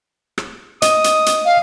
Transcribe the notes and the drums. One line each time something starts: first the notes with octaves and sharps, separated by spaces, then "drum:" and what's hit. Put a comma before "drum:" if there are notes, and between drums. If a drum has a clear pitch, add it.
drum: rim click
D#5 D#6, drum: hi-hat
drum: hi-hat
drum: hi-hat
F5